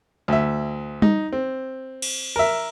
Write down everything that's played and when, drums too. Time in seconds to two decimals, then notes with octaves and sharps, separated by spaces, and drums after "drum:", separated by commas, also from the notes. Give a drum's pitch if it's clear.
0.28 D2 E5
1.02 D#4, drum: tom G3
1.33 C4
2.02 drum: cymbal
2.36 A#4 E5